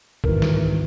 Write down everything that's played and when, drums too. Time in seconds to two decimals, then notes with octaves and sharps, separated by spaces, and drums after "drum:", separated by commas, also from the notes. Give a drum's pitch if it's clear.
0.24 G#1 G#2 E3 A#4, drum: kick A#1
0.42 drum: snare